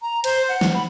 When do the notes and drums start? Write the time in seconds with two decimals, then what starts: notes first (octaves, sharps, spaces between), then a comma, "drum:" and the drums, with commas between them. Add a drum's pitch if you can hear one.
0.02 A#5
0.24 C5, drum: cymbal
0.49 F#5
0.61 drum: snare
0.74 B5